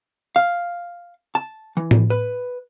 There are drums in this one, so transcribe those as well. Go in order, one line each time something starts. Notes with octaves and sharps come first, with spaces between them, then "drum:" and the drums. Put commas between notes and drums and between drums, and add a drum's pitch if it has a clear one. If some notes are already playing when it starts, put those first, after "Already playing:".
F5
A5
E3
drum: tom A2
B4